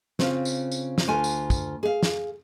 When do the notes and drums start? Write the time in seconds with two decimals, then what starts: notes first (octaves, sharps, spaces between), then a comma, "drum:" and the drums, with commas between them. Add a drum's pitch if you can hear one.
0.19 C#3 C4 F4, drum: snare
0.45 drum: tambourine
0.72 drum: tambourine
0.98 drum: snare
1.08 D2 F4 G#5
1.24 drum: tambourine
1.50 drum: kick, tambourine
1.83 G#4 F5
2.03 drum: snare